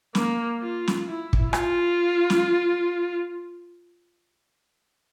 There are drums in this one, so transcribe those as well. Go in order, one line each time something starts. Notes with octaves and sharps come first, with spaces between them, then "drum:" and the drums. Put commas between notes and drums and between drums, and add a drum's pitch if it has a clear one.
A#3, drum: snare
F4
drum: snare
E4
drum: kick
F4, drum: rim click
drum: snare